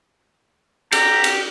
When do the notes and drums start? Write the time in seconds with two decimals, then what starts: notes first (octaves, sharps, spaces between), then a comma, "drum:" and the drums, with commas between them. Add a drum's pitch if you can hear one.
0.92 G4 A#5, drum: cymbal
1.24 drum: cymbal